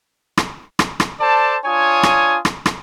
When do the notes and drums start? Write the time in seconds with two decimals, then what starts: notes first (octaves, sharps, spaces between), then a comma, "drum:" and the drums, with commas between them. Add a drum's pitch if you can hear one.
0.37 drum: rim click
0.79 drum: rim click
1.00 drum: rim click
1.20 A4 C5 D5 A5
1.65 D4 F4 C#5 G#5 D#6
2.03 drum: rim click
2.45 drum: rim click
2.66 drum: rim click